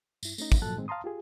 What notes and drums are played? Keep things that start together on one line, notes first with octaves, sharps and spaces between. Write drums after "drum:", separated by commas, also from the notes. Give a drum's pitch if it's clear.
G2 E4, drum: tambourine
A3 C#4 D#4, drum: tambourine
drum: kick, tambourine
A#2 F3 F#3 A4 A5 F#6
A2 D#3 G#3 C4
F5 A5 A#5 C6 D#6
F4 G4 G#4